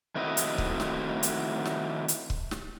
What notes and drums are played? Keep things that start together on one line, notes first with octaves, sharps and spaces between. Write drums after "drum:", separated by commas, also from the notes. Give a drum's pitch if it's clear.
D#3 A3 C4 E4 F#4 D#5
drum: hi-hat
drum: kick
drum: snare
drum: hi-hat
drum: snare
drum: hi-hat
drum: kick
drum: snare